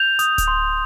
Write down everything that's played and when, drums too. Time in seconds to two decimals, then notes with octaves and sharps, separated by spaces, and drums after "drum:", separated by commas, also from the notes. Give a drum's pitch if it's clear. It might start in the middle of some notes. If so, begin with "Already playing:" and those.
Already playing: G6 F7
0.19 D#6, drum: hi-hat
0.38 drum: kick D1, hi-hat
0.48 C6